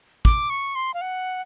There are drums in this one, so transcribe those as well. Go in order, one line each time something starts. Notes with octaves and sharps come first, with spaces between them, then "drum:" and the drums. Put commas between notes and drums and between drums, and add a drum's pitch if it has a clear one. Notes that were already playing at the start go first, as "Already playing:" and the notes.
D6, drum: kick
C#6
C6
F5
F#5